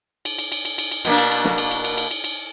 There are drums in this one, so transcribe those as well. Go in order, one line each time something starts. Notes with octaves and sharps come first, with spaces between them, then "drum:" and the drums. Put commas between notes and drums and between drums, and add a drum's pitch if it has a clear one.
drum: cymbal
drum: cymbal
drum: cymbal
drum: cymbal
drum: cymbal
drum: cymbal
B2 A#3 D4, drum: cymbal
drum: cymbal
drum: cymbal
drum: snare
drum: cymbal
drum: cymbal
drum: cymbal
drum: cymbal
drum: cymbal
drum: cymbal